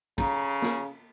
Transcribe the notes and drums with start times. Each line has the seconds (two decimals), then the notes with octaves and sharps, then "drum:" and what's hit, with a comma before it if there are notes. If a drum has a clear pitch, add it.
0.18 C#3 A#5, drum: kick, cymbal
0.62 drum: snare